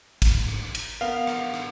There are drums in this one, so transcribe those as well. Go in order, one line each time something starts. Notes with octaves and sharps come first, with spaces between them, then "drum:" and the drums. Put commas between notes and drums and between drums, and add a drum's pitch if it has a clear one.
drum: kick, cymbal
drum: rim click
drum: cymbal
B3 A#4 F5
drum: rim click
drum: rim click